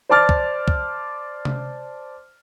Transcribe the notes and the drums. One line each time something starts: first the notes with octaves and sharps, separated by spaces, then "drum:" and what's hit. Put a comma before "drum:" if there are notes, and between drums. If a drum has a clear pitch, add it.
C5 D5 A5 D6 F6 A6
drum: kick
drum: kick
drum: tom C3